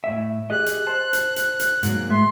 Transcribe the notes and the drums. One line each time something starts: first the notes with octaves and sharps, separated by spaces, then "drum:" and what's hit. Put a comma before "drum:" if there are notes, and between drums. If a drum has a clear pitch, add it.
A2 E5
G4 G#4 D#5 F#6
drum: hi-hat
C5 A5
drum: hi-hat
drum: hi-hat
drum: hi-hat
G#2 F#3 A#3, drum: hi-hat
A2 G#3 E5 C6